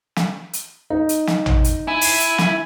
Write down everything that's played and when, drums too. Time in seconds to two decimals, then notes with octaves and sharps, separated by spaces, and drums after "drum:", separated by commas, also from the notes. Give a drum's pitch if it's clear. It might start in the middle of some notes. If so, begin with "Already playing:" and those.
0.16 drum: snare
0.53 drum: hi-hat
0.90 D#4
1.09 drum: hi-hat
1.27 drum: snare
1.46 drum: tom A1
1.64 drum: hi-hat
1.88 E4 G#5
2.01 drum: open hi-hat
2.20 drum: hi-hat
2.38 drum: snare